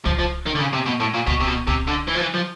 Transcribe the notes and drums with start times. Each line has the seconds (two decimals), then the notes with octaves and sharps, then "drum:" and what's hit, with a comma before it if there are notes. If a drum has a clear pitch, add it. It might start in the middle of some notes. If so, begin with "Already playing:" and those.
0.06 F3, drum: kick
0.19 F3
0.46 D#3
0.55 D3
0.59 C#3
0.73 C3
0.86 B2
1.00 A2
1.14 A#2
1.27 B2, drum: kick
1.40 C3
1.47 B2
1.67 C3, drum: kick
1.88 D3
2.08 E3
2.15 F3
2.21 E3
2.34 F3